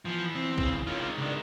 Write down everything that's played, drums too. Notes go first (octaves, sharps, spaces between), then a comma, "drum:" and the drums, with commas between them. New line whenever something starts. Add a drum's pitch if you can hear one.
E3 F3 B3
C4
C#3 E3, drum: kick
D#3 G#3 C#4 F4
C#2 D4